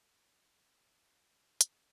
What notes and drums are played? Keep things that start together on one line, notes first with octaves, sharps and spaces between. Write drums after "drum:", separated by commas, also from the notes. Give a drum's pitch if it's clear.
E2 A2 D#3 G#3 A4 F#5
B3 D#4 F4 F#4 G#4 B4
A4 B4 G5
drum: hi-hat